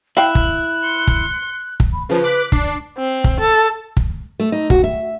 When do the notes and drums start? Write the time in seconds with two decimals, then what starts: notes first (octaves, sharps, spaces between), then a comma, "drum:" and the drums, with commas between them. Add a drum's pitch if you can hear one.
0.17 E4 F5 G5 F#6
0.35 drum: kick
0.83 C6 C#7
1.07 drum: kick
1.80 drum: kick
1.93 B5
2.09 C#3 F3 B4
2.24 D6 F#6 B6
2.52 D4 D6 C7, drum: kick
2.98 C4
3.24 drum: kick
3.40 A4
3.97 drum: kick
4.40 A3
4.52 D#4
4.70 F#4, drum: kick
4.84 E5